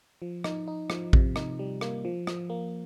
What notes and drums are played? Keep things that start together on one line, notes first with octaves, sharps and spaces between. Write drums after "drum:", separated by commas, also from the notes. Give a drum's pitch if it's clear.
F3
D#4, drum: rim click
D#4
F3, drum: rim click
C3, drum: kick A1
D#4, drum: rim click
G3
A#3, drum: rim click
F3
F3, drum: rim click
A#3